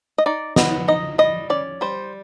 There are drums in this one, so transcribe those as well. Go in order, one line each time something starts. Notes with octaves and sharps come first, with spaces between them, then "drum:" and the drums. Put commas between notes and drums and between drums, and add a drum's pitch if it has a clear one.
D#5
D#4 D5
B3 D#5, drum: snare
D#4 D#5
G3 D#5
C#4 D5
G3 C5